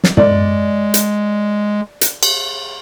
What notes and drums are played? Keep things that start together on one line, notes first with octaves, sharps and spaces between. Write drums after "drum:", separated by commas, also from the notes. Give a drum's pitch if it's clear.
drum: snare
G#3 D5, drum: tom
drum: hi-hat
drum: hi-hat
drum: cymbal